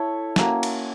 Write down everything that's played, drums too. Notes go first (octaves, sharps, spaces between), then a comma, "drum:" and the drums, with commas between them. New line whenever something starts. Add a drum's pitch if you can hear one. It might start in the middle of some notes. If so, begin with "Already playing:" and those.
Already playing: E4 A4 C#5
A#3 C#4 F#4, drum: snare
drum: cymbal